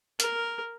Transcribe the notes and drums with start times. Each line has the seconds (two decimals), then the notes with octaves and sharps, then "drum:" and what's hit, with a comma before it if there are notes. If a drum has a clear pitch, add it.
0.20 A#4, drum: hi-hat